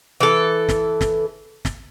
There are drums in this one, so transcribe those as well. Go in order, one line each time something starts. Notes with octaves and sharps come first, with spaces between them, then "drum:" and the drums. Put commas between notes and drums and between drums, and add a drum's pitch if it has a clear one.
E3 A4
drum: snare
drum: snare
drum: snare